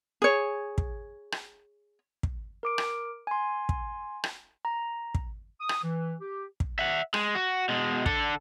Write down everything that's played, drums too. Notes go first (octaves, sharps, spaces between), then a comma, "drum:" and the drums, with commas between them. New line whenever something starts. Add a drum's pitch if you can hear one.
G#4 C#5
drum: kick
drum: rim click
drum: kick
A#4 D6 D7
drum: rim click
G#5 C6
drum: kick
drum: rim click
A#5
drum: kick
D#6
drum: rim click
E3
G4
drum: kick
E5 F#5
G#3, drum: rim click
F#4
B2 G#3
D3 A4, drum: kick